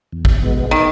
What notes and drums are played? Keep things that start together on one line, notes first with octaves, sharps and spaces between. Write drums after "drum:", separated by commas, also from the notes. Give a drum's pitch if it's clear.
E2
drum: kick
B2 G#3 B3
D#3